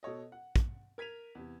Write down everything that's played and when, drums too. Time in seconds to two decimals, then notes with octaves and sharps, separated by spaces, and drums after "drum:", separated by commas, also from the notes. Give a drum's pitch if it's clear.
0.03 B2 A4 C#5 D#5
0.32 F#5
0.56 drum: kick
0.98 A#4 G#6 B6 D#7 F7
1.35 E2 C3